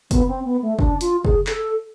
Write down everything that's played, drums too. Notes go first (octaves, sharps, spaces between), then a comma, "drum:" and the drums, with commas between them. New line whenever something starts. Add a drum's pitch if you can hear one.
B3, drum: kick F#1, hi-hat
C4
B3
A3
D4, drum: kick F#1
F4, drum: hi-hat
G#4, drum: kick F#1
A4, drum: clap